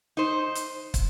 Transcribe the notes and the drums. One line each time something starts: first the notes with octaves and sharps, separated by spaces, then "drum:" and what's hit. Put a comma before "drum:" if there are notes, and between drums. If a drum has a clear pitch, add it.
D#4 C5
drum: hi-hat
drum: kick, hi-hat